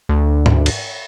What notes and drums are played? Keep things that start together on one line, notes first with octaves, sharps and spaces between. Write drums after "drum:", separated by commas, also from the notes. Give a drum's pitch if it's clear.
D2
drum: tom G#2
drum: cymbal